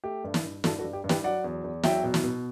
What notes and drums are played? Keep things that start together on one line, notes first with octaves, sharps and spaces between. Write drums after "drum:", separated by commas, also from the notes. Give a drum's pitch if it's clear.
A3 G4
G2
drum: snare
G2
G2 F#4 A4, drum: snare
F#4 A4
G2
G4
G2
G4 B4, drum: snare
F#3 D5 F#5
E2
E2
F#3 E5 G5, drum: snare
B2
drum: snare
B2